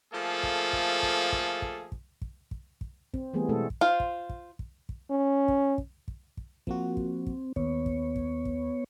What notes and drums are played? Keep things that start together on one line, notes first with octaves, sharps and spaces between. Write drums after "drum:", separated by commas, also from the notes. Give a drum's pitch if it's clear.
F3 A3 A#3 G#4 A4
drum: kick
drum: kick
drum: kick
drum: kick
drum: kick
drum: kick
drum: kick
drum: kick
drum: kick
C4, drum: kick
E3 G3 A3 B3 G#4
B2 G#3 A3 C4 A4
drum: kick
F4 C5
drum: kick
drum: kick
drum: kick
drum: kick
C#4
drum: kick
drum: kick
drum: kick
drum: kick
F3 A#3 C4 F#4, drum: kick
drum: kick
drum: kick
D#2 B3 C#5, drum: kick
drum: kick
drum: kick
drum: kick